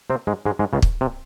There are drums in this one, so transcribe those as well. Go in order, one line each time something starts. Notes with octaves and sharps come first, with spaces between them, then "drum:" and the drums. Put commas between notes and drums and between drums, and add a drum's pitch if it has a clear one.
C3 C4
G#2 G#3
G#2 G#3
G#2 G#3
C#2 C#3
drum: kick
C3